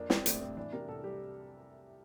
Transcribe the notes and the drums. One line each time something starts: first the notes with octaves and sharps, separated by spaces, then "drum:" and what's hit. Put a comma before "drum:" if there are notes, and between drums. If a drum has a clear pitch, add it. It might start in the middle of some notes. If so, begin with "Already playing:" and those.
Already playing: F2 A#3 D4
G3 C4, drum: snare
A2 D4, drum: hi-hat
A2 C4
E3 D4
C3 A#4
C2 A4
G3 G4